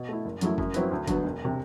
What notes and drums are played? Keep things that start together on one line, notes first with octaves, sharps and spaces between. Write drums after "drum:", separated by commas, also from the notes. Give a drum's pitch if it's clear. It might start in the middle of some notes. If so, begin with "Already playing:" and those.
Already playing: B2
A3 E4
F#1
F#2 F#3 A3 E4, drum: hi-hat
F#2, drum: kick
F#3 C4 E4 B4, drum: hi-hat
D2
D3 F#3 B3, drum: kick, hi-hat
E1
C3